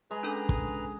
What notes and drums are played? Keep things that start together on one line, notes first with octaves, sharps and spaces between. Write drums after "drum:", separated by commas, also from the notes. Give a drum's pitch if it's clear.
G#3 G#4 B4 A#5
C#4 D4 A4
drum: kick